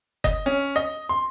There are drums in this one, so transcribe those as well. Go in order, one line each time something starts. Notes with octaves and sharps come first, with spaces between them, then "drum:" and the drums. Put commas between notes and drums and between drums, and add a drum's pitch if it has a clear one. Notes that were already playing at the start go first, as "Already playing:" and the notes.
D#5, drum: kick F#1
C#4
D#5
C6